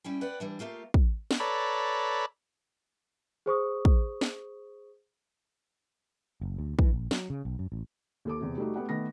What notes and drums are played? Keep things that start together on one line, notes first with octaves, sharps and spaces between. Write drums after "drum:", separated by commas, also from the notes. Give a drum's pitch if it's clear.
G3 C#4 E4 G5
B4 D5 F#5 G5
E3 G3 D4
A3 A#3 F4 G4
drum: kick
drum: snare
A4 B4 C#5 D5 A#5 B5
G#4 C5 C#6 D#6
drum: kick
drum: snare
F#1
D2
E3, drum: kick
A#1
F#3, drum: snare
C#3
B1
F#2
A1
D#2 A4 D6
E2 C3
G3 A3 D#4 F#4
A3 B3 G4 F#5
D#3 A3 B3 A#6